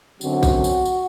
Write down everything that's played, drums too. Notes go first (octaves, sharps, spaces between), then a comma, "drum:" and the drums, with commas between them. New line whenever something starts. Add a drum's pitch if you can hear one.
F#2 D3 F#3 C4 F#4, drum: tambourine
drum: kick A1, tambourine
drum: tambourine
drum: tambourine